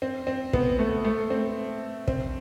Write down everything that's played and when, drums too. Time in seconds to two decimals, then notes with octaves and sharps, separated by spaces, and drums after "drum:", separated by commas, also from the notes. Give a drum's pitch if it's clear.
0.02 C4
0.27 C4
0.53 B3, drum: kick
0.79 A3
1.05 A3
1.30 C4
2.08 C4, drum: kick